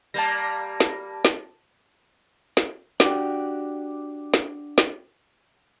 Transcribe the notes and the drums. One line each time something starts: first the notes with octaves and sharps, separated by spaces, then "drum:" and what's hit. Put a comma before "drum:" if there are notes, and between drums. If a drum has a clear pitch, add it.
G3 A#3 A5 A#6
drum: snare
drum: snare
drum: snare
D4 F#4 G4, drum: snare
drum: snare
drum: snare